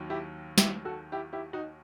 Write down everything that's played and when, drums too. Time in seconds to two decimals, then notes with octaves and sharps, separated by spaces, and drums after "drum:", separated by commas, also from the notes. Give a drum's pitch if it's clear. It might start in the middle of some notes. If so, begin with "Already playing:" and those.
Already playing: D#2 D#3 F#3
0.10 E4 G4
0.58 E4 G4, drum: snare
0.85 F#4 A4
1.12 E4 G4
1.33 E4 G4
1.53 D#4 F#4